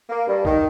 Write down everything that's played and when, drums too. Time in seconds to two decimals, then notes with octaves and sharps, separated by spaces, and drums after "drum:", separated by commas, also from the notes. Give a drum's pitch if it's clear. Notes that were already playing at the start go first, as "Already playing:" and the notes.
0.09 A#3
0.27 G2
0.45 D#3, drum: kick